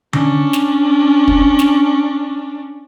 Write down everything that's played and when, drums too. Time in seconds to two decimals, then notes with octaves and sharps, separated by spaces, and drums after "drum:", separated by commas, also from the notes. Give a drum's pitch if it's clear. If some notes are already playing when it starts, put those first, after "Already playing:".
0.13 C#4 D4, drum: tom D3
0.53 drum: snare
1.28 drum: kick
1.59 drum: snare